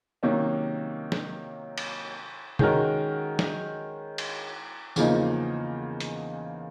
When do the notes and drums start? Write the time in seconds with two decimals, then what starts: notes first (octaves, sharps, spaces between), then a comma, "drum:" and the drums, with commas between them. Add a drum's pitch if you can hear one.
0.23 C3 D#3 F#3 A#3 C#4
1.12 drum: snare
1.78 drum: cymbal
2.59 D#3 G#3 C#4 F#4 A#4, drum: tom
3.39 drum: snare
4.18 drum: cymbal
4.96 E2 C#3 F3 A#3 D#4, drum: tambourine
6.00 drum: hi-hat